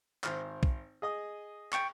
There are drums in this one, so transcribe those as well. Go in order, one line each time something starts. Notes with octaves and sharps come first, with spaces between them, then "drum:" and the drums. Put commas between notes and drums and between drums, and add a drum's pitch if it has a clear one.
G#1 C5 F6, drum: clap
drum: kick B1
G#4 D#5 D#6
G5 C#6, drum: clap